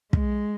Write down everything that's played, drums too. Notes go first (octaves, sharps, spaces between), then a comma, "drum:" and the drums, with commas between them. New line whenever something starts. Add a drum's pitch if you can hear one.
G#3, drum: kick